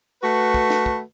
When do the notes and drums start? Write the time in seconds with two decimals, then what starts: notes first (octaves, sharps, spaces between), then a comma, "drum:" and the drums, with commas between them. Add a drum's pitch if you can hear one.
0.23 A3 F#4 B4
0.54 drum: kick
0.70 drum: snare
0.86 drum: kick